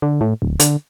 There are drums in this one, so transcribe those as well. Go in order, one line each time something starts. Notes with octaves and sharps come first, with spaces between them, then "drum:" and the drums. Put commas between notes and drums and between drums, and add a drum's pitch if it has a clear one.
D3
A2
D1
D3, drum: hi-hat